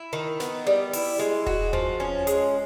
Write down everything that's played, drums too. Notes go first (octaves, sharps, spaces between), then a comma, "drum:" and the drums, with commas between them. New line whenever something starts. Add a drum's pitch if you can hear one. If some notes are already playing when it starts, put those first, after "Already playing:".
Already playing: E4
D#3
B3, drum: snare
G3
E4, drum: open hi-hat
G#3
F#4, drum: kick E1
F3, drum: tom D#2
C#4
G#3, drum: hi-hat